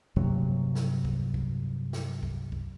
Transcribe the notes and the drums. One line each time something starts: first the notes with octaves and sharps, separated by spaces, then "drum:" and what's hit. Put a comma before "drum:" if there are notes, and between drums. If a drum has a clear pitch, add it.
G2 C3 F#3 A#3, drum: kick
drum: snare
drum: kick
drum: kick
drum: snare
drum: kick
drum: kick